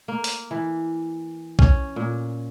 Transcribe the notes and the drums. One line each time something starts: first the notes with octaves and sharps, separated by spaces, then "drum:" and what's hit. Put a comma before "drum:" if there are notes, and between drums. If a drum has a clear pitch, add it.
A#3
drum: open hi-hat
E3
C#4, drum: kick B1
A#2